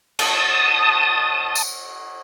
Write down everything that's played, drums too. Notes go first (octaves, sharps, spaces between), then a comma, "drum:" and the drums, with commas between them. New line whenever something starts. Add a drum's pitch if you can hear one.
A5 D#6, drum: cymbal
drum: tambourine